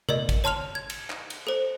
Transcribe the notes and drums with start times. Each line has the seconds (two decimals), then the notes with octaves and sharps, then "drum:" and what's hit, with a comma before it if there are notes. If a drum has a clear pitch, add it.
0.09 A#4 D5 D#5, drum: tom C3
0.29 drum: kick G#1, cymbal
0.44 C#5 A5 C6 F6 F7
0.75 G#6
0.90 drum: cymbal
1.10 drum: clap
1.30 drum: cymbal
1.47 A4 C5